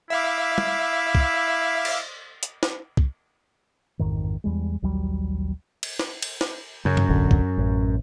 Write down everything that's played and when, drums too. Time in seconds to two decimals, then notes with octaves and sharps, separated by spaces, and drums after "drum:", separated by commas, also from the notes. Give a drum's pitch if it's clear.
0.10 E4 E5 F5 D6
0.58 drum: tom
1.15 drum: kick
1.85 drum: cymbal
2.43 drum: hi-hat
2.63 drum: snare
2.97 drum: kick
3.99 A1 F2 G#2 D#3
4.44 E2 G3 G#3
4.82 A#1 D#2 F#3 G3
5.83 drum: cymbal
5.99 drum: snare
6.22 drum: cymbal
6.41 drum: snare
6.85 F#2 C#3
6.97 drum: tom G2
7.09 E1 A1 D3
7.31 drum: kick
7.58 A1